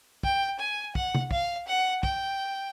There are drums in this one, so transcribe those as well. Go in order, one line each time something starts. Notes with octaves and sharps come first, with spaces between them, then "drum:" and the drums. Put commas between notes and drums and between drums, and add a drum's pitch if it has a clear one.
G5, drum: kick
G#5
F#5, drum: kick
drum: tom C3
F5, drum: kick
F#5
G5, drum: kick